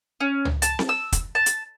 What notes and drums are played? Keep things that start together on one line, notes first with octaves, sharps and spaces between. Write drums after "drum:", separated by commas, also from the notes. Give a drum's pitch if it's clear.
C#4
drum: tom
A5, drum: hi-hat
drum: snare C4
E6
drum: kick, hi-hat
A5
drum: hi-hat